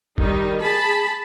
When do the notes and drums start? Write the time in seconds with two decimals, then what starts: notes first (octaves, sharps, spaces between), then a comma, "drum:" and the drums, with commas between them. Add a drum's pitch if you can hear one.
0.18 D#3 G3 D#4, drum: kick
0.61 G#4 A5 B5